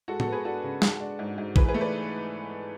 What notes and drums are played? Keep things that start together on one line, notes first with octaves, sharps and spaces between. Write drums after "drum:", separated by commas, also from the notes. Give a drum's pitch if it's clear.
G#3 F#4 A4
F#4 A4, drum: tom A2
B3
G#4 B4
D4 F#4 A4
C#3
G#3, drum: snare
D4
G#2
G#2
E3 G#4 B4, drum: kick
G#4 B4
A3
B4 D5